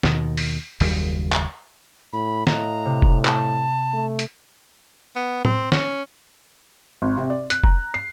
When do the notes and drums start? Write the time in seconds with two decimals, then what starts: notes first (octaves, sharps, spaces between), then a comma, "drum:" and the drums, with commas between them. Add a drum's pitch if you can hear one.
0.03 D#2 B2 D#3, drum: snare
0.37 drum: open hi-hat
0.80 F#1 D#2 C#3 G3, drum: open hi-hat
1.32 drum: clap
2.13 A2 B5
2.47 A2 D#5 F5 A#5 F#6, drum: snare
2.85 C3
3.02 drum: kick F1
3.25 A5, drum: clap
3.93 A3
4.19 drum: hi-hat
5.16 B3
5.45 C4, drum: tom
5.72 C#4, drum: snare
7.02 G#1
7.18 C3
7.30 D5
7.50 F#6, drum: hi-hat
7.64 A#5, drum: kick F1
7.94 C7